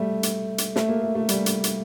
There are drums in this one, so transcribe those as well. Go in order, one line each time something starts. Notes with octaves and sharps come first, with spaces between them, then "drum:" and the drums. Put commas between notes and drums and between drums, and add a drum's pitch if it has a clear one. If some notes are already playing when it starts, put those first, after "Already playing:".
Already playing: G3 A3
drum: hi-hat
drum: hi-hat
A3, drum: snare
A#3
A3
A3
G3, drum: hi-hat
drum: hi-hat
drum: hi-hat